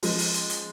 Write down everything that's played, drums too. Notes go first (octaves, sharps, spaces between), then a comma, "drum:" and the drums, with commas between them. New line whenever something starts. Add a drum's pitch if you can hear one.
F3 G#3, drum: open hi-hat
drum: open hi-hat
drum: hi-hat
drum: hi-hat